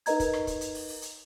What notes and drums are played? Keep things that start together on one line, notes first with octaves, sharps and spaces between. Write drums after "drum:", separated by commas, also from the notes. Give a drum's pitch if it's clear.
D#4 A#4 B4 D#5 A#5 G#6, drum: hi-hat
drum: kick, hi-hat
drum: rim click
drum: kick, hi-hat
drum: hi-hat
drum: open hi-hat
drum: open hi-hat
drum: hi-hat